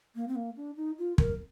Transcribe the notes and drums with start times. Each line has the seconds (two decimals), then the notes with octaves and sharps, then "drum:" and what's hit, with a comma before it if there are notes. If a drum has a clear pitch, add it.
0.15 A#3
0.28 C4
0.36 A#3
0.57 D4
0.77 D#4
0.99 F4
1.18 A#4, drum: kick